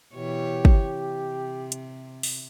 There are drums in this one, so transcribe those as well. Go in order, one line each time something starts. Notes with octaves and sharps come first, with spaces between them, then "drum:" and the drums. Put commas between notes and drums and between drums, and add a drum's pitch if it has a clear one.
B2 E3 G4 C#5
drum: kick
C3
drum: hi-hat
drum: open hi-hat